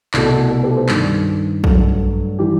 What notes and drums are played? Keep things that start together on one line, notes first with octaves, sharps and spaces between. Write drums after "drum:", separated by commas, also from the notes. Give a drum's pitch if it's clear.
C2 B2 A3, drum: clap
F#4 A4
G4 B4
A4 C5
G2 D#3 G3, drum: clap
G2 F#3 A3, drum: kick A#1
E3 G3 G4